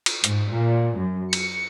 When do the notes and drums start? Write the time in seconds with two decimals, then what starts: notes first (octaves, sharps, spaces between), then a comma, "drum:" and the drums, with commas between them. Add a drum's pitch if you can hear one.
0.06 drum: cymbal
0.24 G#2, drum: hi-hat
0.53 A#2
0.97 F#2
1.33 C#7, drum: cymbal